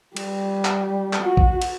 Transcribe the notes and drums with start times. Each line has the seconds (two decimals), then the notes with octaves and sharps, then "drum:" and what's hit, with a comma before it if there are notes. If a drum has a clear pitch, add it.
0.17 G3, drum: cymbal
0.65 drum: clap
1.13 drum: clap
1.22 F#4
1.37 drum: kick A#1
1.62 drum: cymbal